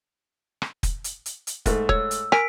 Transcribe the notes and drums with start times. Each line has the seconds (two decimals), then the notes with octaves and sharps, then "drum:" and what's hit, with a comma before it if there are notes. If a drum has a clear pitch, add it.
0.62 drum: rim click
0.83 drum: kick, hi-hat
1.04 drum: hi-hat
1.26 drum: hi-hat
1.47 drum: hi-hat
1.66 G#2 A3, drum: kick, hi-hat
1.89 C#5 E6, drum: kick
2.11 drum: hi-hat
2.32 A#4 G#5 B6 D7, drum: rim click